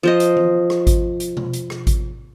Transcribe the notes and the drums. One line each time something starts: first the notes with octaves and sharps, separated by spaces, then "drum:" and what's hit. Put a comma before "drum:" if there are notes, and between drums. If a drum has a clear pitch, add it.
F3 C5 D#5
drum: hi-hat
drum: tom E3
drum: rim click
drum: kick G#1, hi-hat
drum: hi-hat
drum: tom B2
drum: hi-hat
drum: rim click
drum: kick G#1, hi-hat